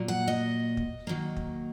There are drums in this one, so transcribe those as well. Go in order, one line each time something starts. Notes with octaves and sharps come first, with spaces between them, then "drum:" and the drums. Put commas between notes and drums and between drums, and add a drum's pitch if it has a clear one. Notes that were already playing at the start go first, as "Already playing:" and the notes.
Already playing: A#2 F#3 A#3
F#5
D#5
drum: kick
D#3 F#3 A#3
drum: kick